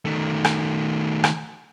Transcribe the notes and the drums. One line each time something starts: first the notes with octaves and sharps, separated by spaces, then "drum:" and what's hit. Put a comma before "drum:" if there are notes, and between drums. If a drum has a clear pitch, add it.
D#3 A3
drum: rim click
drum: rim click